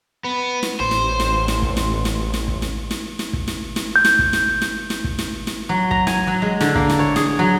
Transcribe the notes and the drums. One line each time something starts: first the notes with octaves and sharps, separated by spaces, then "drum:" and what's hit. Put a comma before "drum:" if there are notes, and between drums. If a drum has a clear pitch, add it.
B3
drum: snare
A1 C5
drum: snare
drum: snare
drum: snare
drum: kick
drum: snare
drum: snare
drum: snare
drum: kick
drum: snare
drum: snare
drum: snare
drum: kick
drum: snare
drum: snare
G6
drum: snare
drum: kick
drum: snare
drum: snare
drum: snare
drum: kick
drum: snare
drum: snare
F#3
A#5, drum: kick
G#5, drum: snare
F#3
G#3
D3, drum: snare
A#3, drum: kick
drum: snare
C#5
G#4, drum: snare
F#3